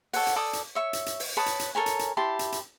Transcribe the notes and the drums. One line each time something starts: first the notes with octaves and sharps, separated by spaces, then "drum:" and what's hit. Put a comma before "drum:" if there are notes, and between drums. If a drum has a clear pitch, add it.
G4 A4 C#5 F#5, drum: open hi-hat
drum: hi-hat
A4 D5 D6 D#6
drum: hi-hat
C#5 E5 C#6
drum: hi-hat
drum: hi-hat
drum: open hi-hat
B4 C#5 A5 D#6
drum: hi-hat
drum: hi-hat
A4 A#4 C#5 G#5
drum: hi-hat
drum: hi-hat
E4 G4 A5 C6
drum: hi-hat
drum: hi-hat